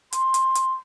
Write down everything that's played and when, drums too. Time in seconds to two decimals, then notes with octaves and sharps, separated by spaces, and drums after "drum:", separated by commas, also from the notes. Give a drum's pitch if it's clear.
0.13 C6, drum: hi-hat
0.34 drum: hi-hat
0.55 drum: hi-hat